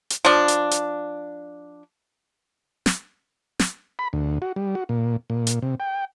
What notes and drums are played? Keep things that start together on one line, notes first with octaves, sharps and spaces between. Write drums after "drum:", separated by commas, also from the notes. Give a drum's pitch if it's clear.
drum: hi-hat
F3 D4
drum: hi-hat
drum: hi-hat
drum: snare
drum: snare
B5
D2
F#4
G3
F#4
A#2
A#2
drum: hi-hat
C3
G5